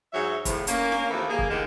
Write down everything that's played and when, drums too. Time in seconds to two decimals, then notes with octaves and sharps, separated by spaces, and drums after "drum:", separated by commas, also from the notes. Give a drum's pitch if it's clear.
0.13 G#2 F#3 C#5 E5
0.45 E2 A2 F3, drum: kick, hi-hat
0.67 A#3 C#4, drum: hi-hat
0.92 drum: snare
1.10 D#2 E3 F3 A3 C4 A4
1.30 A#3 G#4
1.39 drum: kick
1.49 A2 D3 D#3 G#3 G4 A#4